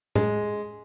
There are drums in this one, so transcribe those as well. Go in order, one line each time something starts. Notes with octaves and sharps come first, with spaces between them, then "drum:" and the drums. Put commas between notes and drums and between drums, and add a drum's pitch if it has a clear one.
G#3, drum: tom A2